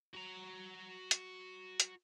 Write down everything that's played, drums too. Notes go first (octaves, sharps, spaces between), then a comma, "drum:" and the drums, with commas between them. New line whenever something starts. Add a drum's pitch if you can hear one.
F#4 A#5
drum: hi-hat
drum: hi-hat